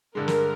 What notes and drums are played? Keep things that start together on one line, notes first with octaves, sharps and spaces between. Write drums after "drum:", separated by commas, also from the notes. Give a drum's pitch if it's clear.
G2 D3 G#3 A#4
drum: snare